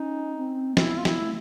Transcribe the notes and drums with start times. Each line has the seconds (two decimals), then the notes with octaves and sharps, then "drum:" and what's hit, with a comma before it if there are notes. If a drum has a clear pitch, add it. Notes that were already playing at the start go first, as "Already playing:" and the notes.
Already playing: C#4 D#4
0.36 C4
0.73 A#3
0.77 B3 E4, drum: snare
0.97 F4
1.05 E4, drum: snare
1.20 A3